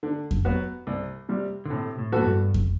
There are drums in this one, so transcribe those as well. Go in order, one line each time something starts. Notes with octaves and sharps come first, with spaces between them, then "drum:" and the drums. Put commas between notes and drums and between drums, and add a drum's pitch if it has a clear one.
D3
drum: kick F2
F#3 B3 F#4
C2
C3 G3
D3
A2 C3
A2
E3 B3 F#4 A4
F#2
G2
drum: kick F2